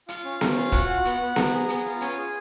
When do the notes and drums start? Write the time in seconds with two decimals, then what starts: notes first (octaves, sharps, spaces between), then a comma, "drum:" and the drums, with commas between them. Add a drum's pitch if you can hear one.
0.08 F4 F5, drum: hi-hat
0.24 C#4
0.41 C#4, drum: snare B3
0.57 F4
0.72 F#4 F#5, drum: kick, hi-hat
0.89 F#4
1.05 B3, drum: hi-hat
1.21 B3
1.36 B3 A#5, drum: snare B3
1.53 G#4
1.69 B3, drum: hi-hat
1.85 F4
2.01 C#4 G#5, drum: hi-hat
2.17 G#4